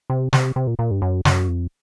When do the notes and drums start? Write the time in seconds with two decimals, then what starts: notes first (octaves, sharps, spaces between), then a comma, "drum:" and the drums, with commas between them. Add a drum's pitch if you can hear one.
0.10 C3
0.33 C3, drum: snare
0.56 C3
0.67 A#2
0.79 A#2
0.91 G2
1.02 F#2
1.25 F#2, drum: snare
1.48 F2